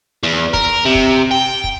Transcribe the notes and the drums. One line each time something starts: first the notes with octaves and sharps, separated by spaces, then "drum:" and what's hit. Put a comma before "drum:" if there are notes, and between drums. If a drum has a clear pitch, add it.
E2
A#4, drum: kick
C3
drum: kick
G5
drum: kick